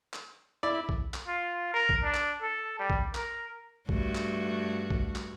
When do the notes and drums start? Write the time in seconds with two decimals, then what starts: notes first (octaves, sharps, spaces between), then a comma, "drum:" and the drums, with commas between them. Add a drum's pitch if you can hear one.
0.14 drum: clap
0.63 E4 D5
0.89 drum: kick A#1
1.14 drum: clap
1.27 F4
1.74 A#4
1.89 drum: kick A#1
2.04 D4
2.14 drum: clap
2.42 A4
2.79 G3
2.90 drum: kick A#1
3.15 A#4, drum: clap
3.89 G2 A3 F#4, drum: kick A#1
4.15 drum: clap
4.90 drum: kick A#1
5.16 drum: clap